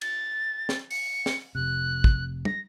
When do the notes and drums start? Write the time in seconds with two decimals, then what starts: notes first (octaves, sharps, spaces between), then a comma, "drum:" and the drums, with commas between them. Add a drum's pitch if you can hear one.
0.01 A6, drum: cymbal
0.69 drum: snare
0.91 C#7, drum: open hi-hat
1.26 drum: snare
1.55 F1 C3 F#6
2.04 drum: kick
2.45 A#6, drum: tom